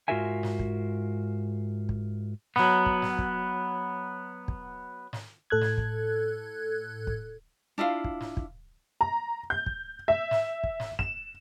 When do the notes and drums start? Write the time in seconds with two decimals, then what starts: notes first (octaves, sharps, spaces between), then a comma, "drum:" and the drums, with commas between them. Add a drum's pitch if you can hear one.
0.08 G#2 F4 F#4 A#4 E5 G#5
0.43 drum: snare
0.59 drum: kick
1.89 drum: kick
2.56 F#3 B3, drum: snare
2.86 drum: kick
3.02 drum: snare
3.18 drum: kick
4.48 drum: kick
5.13 drum: snare
5.50 A2 A4 F#6 G#6
5.61 drum: snare
5.78 drum: kick
7.07 drum: kick
7.78 D4 E4 F4 F5
8.04 drum: kick
8.21 drum: snare
8.37 drum: kick
9.01 A#5
9.50 G6
9.66 drum: kick
10.08 E5
10.31 drum: snare
10.64 drum: kick
10.80 drum: snare
10.99 E7, drum: kick